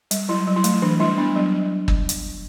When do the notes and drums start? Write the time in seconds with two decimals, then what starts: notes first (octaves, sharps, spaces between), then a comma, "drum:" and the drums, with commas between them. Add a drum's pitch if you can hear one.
0.11 G3, drum: hi-hat
0.29 F#3 E4
0.47 F#3
0.56 E4
0.64 A3, drum: hi-hat
0.82 E3 D4
1.00 G3 E4
1.18 B3 D4
1.36 F#3
1.88 drum: kick
2.09 drum: hi-hat